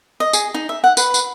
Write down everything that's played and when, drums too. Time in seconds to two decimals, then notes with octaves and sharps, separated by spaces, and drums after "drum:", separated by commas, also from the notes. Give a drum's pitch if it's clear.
0.20 D#5
0.33 G#4, drum: tambourine
0.54 D#4
0.69 E5
0.84 F#5
0.97 B4, drum: tambourine
1.14 drum: tambourine